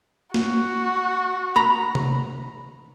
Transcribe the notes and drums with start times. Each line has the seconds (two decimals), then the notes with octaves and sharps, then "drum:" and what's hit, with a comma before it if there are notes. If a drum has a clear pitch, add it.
0.34 F#4, drum: snare
1.56 A#5 B5
1.95 drum: tom C3